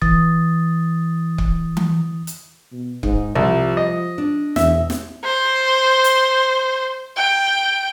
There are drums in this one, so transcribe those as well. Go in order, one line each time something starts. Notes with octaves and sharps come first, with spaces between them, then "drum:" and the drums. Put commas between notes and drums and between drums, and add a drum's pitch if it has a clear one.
E3 D#6 A6, drum: kick C#1
drum: kick C#1
drum: tom E3
drum: hi-hat
B2
G#2 D#4, drum: kick C#1
C2 F3 G3
D#5
D4
E1 E2 E5, drum: snare
drum: snare
C5
drum: hi-hat
G5